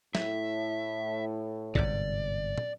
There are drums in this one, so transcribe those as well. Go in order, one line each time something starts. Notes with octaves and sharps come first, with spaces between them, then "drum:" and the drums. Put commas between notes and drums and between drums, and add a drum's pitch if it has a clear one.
A2 E5, drum: snare
G1 G#2 C3 D5, drum: kick
drum: tom